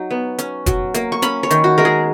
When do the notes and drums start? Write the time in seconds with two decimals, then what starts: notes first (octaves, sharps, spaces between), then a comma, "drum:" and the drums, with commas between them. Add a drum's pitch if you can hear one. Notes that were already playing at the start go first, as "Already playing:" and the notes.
Already playing: F#3 D#4
0.10 B3
0.38 C#4, drum: hi-hat
0.66 F#3, drum: kick, hi-hat
0.94 A#3, drum: hi-hat
1.12 C#6
1.22 C#4 B5, drum: hi-hat
1.43 C#5
1.50 D#3, drum: hi-hat
1.64 F#4
1.78 G#3 A#4
1.85 G#4